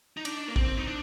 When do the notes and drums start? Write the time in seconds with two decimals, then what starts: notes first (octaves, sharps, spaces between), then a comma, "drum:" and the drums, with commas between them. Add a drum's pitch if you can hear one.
0.17 D#4
0.25 D4, drum: cymbal
0.48 A#3
0.56 C4, drum: kick
0.77 D#4
0.87 D4